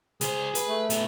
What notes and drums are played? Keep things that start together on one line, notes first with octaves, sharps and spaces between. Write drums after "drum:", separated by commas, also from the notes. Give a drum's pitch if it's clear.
C#2 G#4 C5, drum: hi-hat
B4, drum: hi-hat
A3
A2 B3, drum: hi-hat